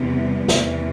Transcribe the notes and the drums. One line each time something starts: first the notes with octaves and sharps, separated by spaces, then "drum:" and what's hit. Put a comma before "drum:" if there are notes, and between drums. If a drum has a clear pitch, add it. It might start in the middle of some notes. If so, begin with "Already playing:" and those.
Already playing: E2 C3 E3 G3 B3
E2 C3 E3, drum: snare